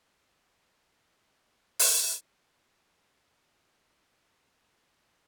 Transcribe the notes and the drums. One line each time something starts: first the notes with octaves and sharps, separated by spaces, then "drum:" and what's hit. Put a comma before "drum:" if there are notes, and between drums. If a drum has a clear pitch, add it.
F#3 G#4 F5 A#5
drum: open hi-hat
A4 F5
A3 D4 F4 G4 C6